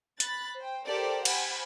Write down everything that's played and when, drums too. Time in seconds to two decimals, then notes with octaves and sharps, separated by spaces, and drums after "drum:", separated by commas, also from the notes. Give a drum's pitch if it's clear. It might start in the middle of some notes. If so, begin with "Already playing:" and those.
0.20 B5 F#6 A6, drum: hi-hat
0.57 C5 G5
0.86 G4 A4 A#4 C5 D5
1.25 C5 F#5 G#5 B5, drum: cymbal